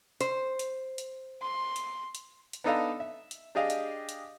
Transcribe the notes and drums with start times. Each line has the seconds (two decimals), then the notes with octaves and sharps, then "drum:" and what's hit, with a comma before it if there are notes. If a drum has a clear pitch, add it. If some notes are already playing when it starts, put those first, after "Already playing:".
0.21 C5, drum: hi-hat
0.59 drum: hi-hat
0.98 drum: hi-hat
1.42 C6
1.76 drum: hi-hat
2.15 drum: hi-hat
2.53 drum: hi-hat
2.64 B3 D4 D#4 A4 D#5 F5
3.00 E5
3.31 drum: hi-hat
3.55 D4 G4 G#4 D#5 F5
3.70 drum: hi-hat
4.09 drum: hi-hat